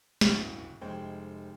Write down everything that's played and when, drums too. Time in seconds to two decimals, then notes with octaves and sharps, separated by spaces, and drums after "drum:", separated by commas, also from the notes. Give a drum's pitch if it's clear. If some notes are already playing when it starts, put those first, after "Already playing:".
0.21 D1 G1 C#2 E4, drum: snare
0.81 F1 G#3 C5 G5